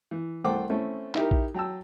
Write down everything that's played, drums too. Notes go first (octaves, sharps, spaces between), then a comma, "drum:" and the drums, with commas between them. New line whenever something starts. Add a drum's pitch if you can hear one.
E3
C2 A3 C5 F#5 G5 D6
A3 C4 C#4 E4
D#4 E4 G4 A#4, drum: clap
drum: kick A#1
F#3 G5 A5 E6